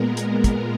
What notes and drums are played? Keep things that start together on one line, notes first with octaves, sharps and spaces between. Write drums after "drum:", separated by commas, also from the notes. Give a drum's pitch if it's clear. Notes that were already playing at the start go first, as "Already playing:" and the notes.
Already playing: A#2 G#3 B3 A#4
drum: hi-hat
drum: kick, hi-hat